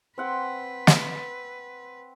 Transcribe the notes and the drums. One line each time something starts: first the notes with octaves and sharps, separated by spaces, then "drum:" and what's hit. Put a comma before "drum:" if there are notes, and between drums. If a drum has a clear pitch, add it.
C4 B4 F#5 G5
drum: snare